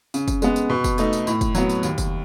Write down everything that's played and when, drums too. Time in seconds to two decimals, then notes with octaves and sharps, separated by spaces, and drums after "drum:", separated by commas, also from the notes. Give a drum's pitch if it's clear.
0.14 C#3, drum: tambourine
0.28 drum: kick, tambourine
0.42 G#3 B3, drum: tambourine
0.56 drum: tambourine
0.70 B2
0.84 drum: kick, tambourine
0.98 A3 D#4, drum: tambourine
1.13 drum: tambourine
1.27 A2, drum: tambourine
1.41 drum: kick, tambourine
1.55 F#3 B3, drum: tambourine
1.69 drum: tambourine
1.83 D#2, drum: tambourine
1.98 drum: kick, tambourine